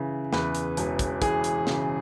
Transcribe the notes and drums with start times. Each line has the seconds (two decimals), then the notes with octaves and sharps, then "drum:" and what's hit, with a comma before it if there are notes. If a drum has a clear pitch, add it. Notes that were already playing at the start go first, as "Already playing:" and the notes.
Already playing: C#3 E3
0.33 E2 B4, drum: snare
0.55 drum: hi-hat
0.77 E1, drum: hi-hat
0.99 drum: kick, hi-hat
1.22 E3 G#4, drum: kick, hi-hat
1.44 drum: hi-hat
1.67 C#3, drum: snare